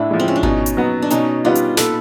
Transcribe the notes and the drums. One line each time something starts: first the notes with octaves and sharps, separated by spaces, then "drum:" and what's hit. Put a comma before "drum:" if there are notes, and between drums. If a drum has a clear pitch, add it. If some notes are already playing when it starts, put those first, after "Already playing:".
Already playing: A2 D4 E4
F3 G#3
C4
C#4
D4
B2 C#4 D#4, drum: kick G#1
drum: hi-hat
F#3 B3
D4
B2 C#4 D#4, drum: hi-hat
G3 B3 D4 D#4 F4
drum: hi-hat
A#2 A4 B4, drum: snare